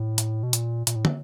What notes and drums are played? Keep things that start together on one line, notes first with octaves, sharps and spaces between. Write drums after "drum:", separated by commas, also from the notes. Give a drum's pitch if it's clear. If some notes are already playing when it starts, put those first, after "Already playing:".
Already playing: A2
drum: hi-hat
B2
A#2, drum: hi-hat
A#2, drum: hi-hat
A2
drum: tom